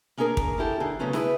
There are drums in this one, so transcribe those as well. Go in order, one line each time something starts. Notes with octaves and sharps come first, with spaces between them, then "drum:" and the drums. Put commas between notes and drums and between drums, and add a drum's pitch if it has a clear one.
A#3 C#4 D4 G#4 A#4
drum: kick
C#4 E4 G4 A4
D3 D#4 G#4
C#3 F#3 A3 B3 C#4 D4
E4 G#4 B4 E5, drum: snare